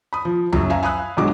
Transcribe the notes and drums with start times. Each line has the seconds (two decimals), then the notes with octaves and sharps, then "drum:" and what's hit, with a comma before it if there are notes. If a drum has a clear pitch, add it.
0.13 B5 D#6
0.25 F3
0.53 F#2 C#3 F#3, drum: tom C#2
0.70 E5 F5 G#5 A#5
0.83 F5 G#5 B5 D#6 E6 F#6
1.17 B1 G2 D3 F#3 G#3 D6